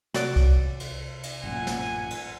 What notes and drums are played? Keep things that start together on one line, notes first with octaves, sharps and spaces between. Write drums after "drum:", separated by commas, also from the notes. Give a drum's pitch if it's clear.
C3 F#4 C#5 D5, drum: snare
drum: kick C2, cymbal
drum: cymbal
drum: cymbal
A1 F#2 A#2 F#5 G#5
drum: snare
drum: cymbal